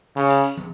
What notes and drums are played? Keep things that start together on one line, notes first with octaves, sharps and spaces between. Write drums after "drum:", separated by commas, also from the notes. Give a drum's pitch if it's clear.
C#3, drum: hi-hat
drum: hi-hat
drum: hi-hat
drum: tom